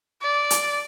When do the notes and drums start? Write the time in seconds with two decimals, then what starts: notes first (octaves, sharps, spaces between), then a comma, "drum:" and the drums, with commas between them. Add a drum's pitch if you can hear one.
0.22 D5
0.50 drum: hi-hat